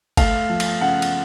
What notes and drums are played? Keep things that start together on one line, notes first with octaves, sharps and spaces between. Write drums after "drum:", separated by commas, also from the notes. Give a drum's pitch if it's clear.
A3 F5, drum: kick G1, cymbal
F3
drum: cymbal
C#3 F#5
drum: cymbal